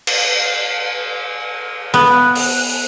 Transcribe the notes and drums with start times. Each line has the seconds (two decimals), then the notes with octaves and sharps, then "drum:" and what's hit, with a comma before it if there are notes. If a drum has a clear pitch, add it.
0.07 drum: cymbal
1.94 B3 F#6
2.35 drum: open hi-hat